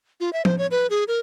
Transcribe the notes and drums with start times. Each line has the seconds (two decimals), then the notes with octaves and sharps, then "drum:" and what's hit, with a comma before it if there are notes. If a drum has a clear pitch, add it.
0.20 F4
0.33 E5
0.45 C5, drum: tom F3
0.58 C#5
0.71 B4
0.90 G#4
1.08 A#4